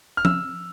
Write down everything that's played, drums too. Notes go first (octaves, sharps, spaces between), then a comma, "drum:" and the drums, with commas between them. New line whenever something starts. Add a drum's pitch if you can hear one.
F6
E6, drum: tom F3